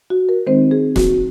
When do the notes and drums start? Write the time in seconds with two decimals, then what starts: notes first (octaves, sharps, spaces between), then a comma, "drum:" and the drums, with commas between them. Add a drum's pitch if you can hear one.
0.10 F#4
0.29 A#4
0.47 D#3 G#3 C4 D#4 C5
0.71 G#4
0.96 F#4, drum: snare